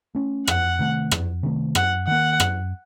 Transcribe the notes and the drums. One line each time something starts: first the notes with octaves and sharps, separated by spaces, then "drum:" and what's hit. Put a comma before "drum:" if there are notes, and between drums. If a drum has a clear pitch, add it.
A3 C#4
F2 F#5, drum: rim click
C3 D#3 A3
F2, drum: rim click
C3 D#3 A3
F#2 F#5, drum: rim click
D#3 A#3 F#5
F#2, drum: rim click